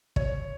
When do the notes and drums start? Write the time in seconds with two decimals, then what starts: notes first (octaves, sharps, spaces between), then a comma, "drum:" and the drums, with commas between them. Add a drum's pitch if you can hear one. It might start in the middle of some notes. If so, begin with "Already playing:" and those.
0.16 C#5, drum: kick